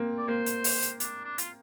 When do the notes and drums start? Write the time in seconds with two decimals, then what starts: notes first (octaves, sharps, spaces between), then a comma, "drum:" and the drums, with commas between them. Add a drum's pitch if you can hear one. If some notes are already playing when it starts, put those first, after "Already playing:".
Already playing: A#3 C4
0.18 D5
0.28 A#3 C5
0.46 drum: hi-hat
0.64 drum: open hi-hat
0.82 drum: hi-hat
1.00 D4, drum: hi-hat
1.24 D4
1.38 F4, drum: hi-hat